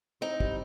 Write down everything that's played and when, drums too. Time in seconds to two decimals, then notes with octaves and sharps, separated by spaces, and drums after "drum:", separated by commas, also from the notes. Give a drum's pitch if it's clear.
0.21 C4 D#4
0.40 G3, drum: kick